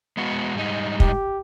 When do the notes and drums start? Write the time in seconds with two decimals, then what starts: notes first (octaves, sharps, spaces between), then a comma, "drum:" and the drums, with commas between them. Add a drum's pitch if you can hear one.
0.17 G#3 B3 F#4
0.55 G#2 G3 D#4
1.00 G4, drum: kick